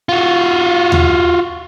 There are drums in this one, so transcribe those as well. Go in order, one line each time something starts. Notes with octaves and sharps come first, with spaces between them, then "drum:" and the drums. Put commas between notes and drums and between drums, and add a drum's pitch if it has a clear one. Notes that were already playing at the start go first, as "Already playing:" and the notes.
F4 F#4
drum: tom D#2